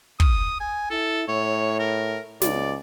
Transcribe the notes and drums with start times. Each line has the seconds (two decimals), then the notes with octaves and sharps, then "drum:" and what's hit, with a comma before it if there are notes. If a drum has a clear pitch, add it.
0.20 D#6, drum: kick
0.60 G#5
0.91 E4 A4
1.28 A2 C#5
1.79 A#4
2.42 C#2 D5, drum: snare